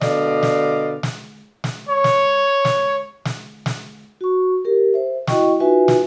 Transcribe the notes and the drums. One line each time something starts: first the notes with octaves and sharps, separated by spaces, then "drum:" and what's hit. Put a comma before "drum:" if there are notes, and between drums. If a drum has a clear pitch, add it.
B2 D3 D5 D#5 F5, drum: snare
drum: snare
drum: snare
drum: snare
C#5
drum: snare
drum: snare
drum: snare
drum: snare
F#4 C#6
G4 A#4
C5 E5
E4 F#4 D#5 G5 C#6, drum: snare
D#4 F4 F#4 B4 E5 G#5
drum: snare